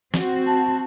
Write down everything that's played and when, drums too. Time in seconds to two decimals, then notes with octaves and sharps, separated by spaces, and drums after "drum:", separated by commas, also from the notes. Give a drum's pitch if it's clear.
0.14 C4 F#4, drum: snare
0.46 A5